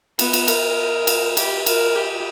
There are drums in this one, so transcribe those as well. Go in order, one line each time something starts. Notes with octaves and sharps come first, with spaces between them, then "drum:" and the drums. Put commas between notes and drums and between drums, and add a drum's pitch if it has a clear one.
B3, drum: cymbal
drum: cymbal
A#4, drum: cymbal
drum: cymbal
G4, drum: cymbal
A#4, drum: cymbal
G4